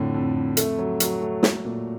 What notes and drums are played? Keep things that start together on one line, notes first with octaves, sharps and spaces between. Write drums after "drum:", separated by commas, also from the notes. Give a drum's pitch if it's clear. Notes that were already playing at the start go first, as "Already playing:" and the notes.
Already playing: F2 A2 D3
F2
F2
A3, drum: hi-hat
F#3
F#3, drum: hi-hat
A3
A3, drum: snare
A#2